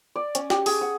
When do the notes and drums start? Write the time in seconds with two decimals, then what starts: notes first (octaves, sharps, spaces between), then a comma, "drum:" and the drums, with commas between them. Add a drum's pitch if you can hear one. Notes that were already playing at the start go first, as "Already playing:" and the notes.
0.16 D5
0.35 C#4, drum: hi-hat
0.50 G4, drum: snare
0.66 G#4, drum: open hi-hat
0.81 F#5